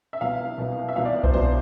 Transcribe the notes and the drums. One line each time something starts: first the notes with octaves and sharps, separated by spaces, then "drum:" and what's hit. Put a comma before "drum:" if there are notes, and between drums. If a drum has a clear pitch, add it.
E5
C2 B2 F#3 B3 F5
C2 B2 F#3 B3
E5
C2 B2 F#3 F5
D5
C5, drum: kick B1
C2 B2 F#3 C5